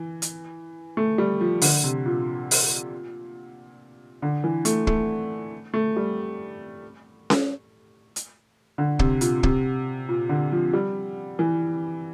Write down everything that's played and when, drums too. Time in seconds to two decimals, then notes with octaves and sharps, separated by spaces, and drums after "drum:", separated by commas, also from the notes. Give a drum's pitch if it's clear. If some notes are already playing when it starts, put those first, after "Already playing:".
Already playing: E3
0.22 drum: hi-hat
0.97 A3
1.18 G3
1.41 F3
1.62 D3, drum: open hi-hat
1.84 C3
2.06 A#2
2.51 drum: open hi-hat
4.22 D3
4.44 E3
4.65 A3, drum: hi-hat
4.87 A3, drum: kick
5.74 A3
5.96 G3
7.30 drum: snare C#4
8.16 drum: hi-hat
8.78 D3
8.99 C3, drum: kick
9.21 A#2, drum: hi-hat
9.43 C3, drum: kick
10.09 A#2
10.29 D3
10.52 F3
10.73 G3
11.39 E3